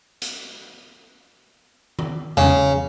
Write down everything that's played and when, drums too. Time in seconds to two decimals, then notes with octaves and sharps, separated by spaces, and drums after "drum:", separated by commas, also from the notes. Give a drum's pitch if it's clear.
0.22 drum: hi-hat
1.99 drum: tom D#3
2.37 C#3, drum: tom E2